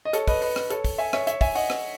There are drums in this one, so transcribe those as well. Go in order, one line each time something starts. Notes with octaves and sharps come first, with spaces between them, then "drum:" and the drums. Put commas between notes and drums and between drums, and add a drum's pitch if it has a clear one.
D#5
A4 C#5, drum: hi-hat
B4 D#5, drum: kick, open hi-hat
B4 D#5, drum: open hi-hat
drum: rim click
A4 C#5, drum: hi-hat
drum: kick, open hi-hat
E5 G#5
C#5 E5, drum: rim click
C#5 E5, drum: hi-hat
E5 G#5, drum: kick, open hi-hat
D#5 F#5, drum: open hi-hat
drum: rim click